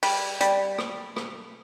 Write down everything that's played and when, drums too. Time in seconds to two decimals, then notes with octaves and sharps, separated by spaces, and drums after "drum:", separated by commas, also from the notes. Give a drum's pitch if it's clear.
0.03 G3, drum: open hi-hat
0.41 G3, drum: hi-hat
0.78 drum: rim click
1.16 drum: rim click